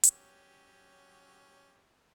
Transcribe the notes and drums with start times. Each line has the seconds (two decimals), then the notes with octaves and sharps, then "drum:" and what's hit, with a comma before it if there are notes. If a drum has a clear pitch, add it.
0.03 F#3 C#4 G4, drum: hi-hat